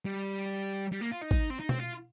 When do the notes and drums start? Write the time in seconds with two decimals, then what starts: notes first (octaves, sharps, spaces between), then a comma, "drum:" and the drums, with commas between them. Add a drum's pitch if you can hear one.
0.05 G3
0.92 G3
1.01 A#3
1.11 F4
1.21 D#4
1.31 drum: kick
1.50 C4
1.60 D#4
1.69 C4, drum: tom B2
1.79 F4